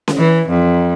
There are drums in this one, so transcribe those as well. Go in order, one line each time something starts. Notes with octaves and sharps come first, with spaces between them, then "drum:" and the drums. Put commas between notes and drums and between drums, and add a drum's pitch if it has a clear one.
drum: snare C#4
E3
F2